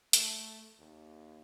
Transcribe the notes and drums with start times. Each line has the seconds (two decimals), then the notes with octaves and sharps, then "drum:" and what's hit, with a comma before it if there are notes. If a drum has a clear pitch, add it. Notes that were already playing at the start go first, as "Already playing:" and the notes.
0.13 A3, drum: hi-hat
0.79 D#2